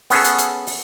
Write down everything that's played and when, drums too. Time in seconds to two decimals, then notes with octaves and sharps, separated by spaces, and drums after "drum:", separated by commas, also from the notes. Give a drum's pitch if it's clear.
0.10 B3 C#4 G#4 A4, drum: open hi-hat
0.24 drum: hi-hat
0.38 drum: hi-hat
0.67 drum: open hi-hat